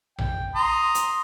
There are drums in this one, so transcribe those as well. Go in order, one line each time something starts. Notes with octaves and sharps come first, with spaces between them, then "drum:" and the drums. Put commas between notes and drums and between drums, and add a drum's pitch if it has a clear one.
G5, drum: tom A#1
A#5 C6 D#6
drum: hi-hat